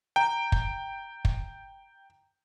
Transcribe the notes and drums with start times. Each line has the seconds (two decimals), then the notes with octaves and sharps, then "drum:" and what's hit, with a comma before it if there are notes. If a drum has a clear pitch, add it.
0.16 G5 A#5
0.52 drum: kick
1.25 drum: kick